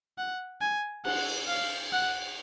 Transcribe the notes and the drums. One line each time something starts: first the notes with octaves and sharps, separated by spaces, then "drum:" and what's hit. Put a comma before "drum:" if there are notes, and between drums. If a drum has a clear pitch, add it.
F#5
G#5
F#5, drum: cymbal
F5
F#5